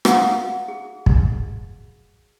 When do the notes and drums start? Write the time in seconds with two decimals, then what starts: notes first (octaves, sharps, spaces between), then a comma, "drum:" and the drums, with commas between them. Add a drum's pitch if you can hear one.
0.05 F#4 F5 F#5 A#5 D#6, drum: rim click
0.68 G#4
1.06 drum: kick